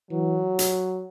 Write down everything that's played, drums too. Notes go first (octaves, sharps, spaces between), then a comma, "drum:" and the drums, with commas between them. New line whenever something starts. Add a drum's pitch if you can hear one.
E3 F#3
drum: hi-hat